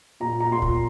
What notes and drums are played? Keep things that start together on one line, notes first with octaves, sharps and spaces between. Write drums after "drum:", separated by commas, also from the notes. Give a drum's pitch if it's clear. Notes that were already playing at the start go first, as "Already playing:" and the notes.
A#2 A#5
A#5
A#2 C6
drum: kick